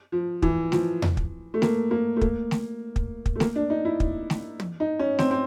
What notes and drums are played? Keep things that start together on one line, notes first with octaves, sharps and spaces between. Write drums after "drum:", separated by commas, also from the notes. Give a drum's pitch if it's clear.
F3
E3, drum: kick
F3, drum: snare A3
drum: tom E2
drum: kick
A3
A#3, drum: snare A3
A#3
A3
A#3, drum: kick
drum: snare A3
drum: kick
drum: kick
A3
A#3, drum: snare A3
D4
D#4
E4
drum: kick
drum: snare A3
drum: tom
D#4
C#4
C4, drum: snare A3
C4